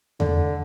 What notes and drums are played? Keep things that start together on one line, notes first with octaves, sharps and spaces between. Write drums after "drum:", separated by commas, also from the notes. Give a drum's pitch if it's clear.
D3, drum: tom E2